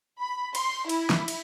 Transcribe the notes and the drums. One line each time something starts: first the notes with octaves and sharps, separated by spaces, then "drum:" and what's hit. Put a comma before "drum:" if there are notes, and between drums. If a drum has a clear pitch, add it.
B5
C6, drum: cymbal
E4, drum: cymbal
drum: snare
drum: cymbal